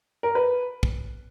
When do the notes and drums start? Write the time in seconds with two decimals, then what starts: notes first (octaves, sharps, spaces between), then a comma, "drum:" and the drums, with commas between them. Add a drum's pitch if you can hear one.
0.23 A#4
0.35 B4
0.83 drum: kick